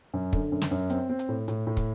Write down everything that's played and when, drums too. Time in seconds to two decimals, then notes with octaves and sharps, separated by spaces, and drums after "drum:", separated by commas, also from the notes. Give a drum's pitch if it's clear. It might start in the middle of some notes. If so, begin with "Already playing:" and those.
0.14 F#2
0.33 D3, drum: kick
0.52 F#2
0.62 drum: snare
0.71 F#2
0.90 C4, drum: hi-hat
1.09 C4
1.19 drum: hi-hat
1.29 A2
1.48 A2, drum: hi-hat
1.67 A2
1.77 drum: kick, hi-hat